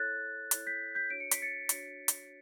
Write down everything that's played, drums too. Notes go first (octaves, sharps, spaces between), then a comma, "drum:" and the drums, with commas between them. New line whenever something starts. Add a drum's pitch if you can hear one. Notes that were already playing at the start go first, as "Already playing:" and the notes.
Already playing: E4 A4 C#5 F#6 A6
E4 A4 C#5, drum: hi-hat
G6 B6
G6 B6
D4 F#4 C#5 D7
C#7
B6, drum: hi-hat
A6 C#7
D4 F#4 C#5, drum: hi-hat
drum: hi-hat